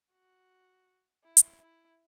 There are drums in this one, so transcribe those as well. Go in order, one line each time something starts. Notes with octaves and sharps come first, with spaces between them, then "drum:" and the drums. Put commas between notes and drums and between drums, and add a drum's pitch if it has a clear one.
F#4
E4
drum: hi-hat
E4